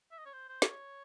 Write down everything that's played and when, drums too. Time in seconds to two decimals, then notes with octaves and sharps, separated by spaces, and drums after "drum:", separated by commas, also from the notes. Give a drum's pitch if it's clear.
0.12 E5
0.19 D#5
0.26 C#5
0.33 C5
0.49 C5
0.62 C#5, drum: snare